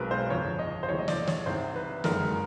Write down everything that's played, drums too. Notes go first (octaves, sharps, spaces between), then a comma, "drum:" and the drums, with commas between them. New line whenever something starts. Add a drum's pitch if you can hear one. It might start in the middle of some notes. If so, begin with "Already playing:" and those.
Already playing: B1 B2 G#3 C4 A#4 B4
C5
G1 F2 C#3 F3 C#5
D#5
C5
E1 D#2 C#3 E3 G3 C#5
D#5
D5, drum: snare
C#5, drum: snare
C2 C3 D#3 C5
B4
G1 F#2 D#3 G#3 A#4, drum: snare